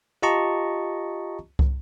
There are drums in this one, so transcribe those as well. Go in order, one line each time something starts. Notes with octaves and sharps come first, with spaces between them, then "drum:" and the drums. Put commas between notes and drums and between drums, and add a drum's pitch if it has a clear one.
F4 G4 D#5 A5 A#5 C#6
drum: kick